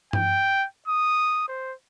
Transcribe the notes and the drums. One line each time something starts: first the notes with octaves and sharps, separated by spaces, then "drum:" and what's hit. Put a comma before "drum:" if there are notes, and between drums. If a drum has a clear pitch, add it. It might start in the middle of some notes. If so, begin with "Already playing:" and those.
G5, drum: tom G2
D#6
C5